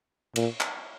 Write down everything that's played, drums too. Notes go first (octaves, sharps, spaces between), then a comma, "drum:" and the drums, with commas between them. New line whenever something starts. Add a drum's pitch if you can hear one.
A#2, drum: cymbal
drum: clap